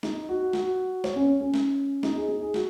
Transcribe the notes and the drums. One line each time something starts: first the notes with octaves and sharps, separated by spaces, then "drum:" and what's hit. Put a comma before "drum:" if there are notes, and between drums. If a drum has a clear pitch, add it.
D#4, drum: snare
F#4
F#4, drum: snare
C#5, drum: snare
C#4
C#4
drum: snare
D#4, drum: snare
G#4
D#4
G#4
F#4, drum: snare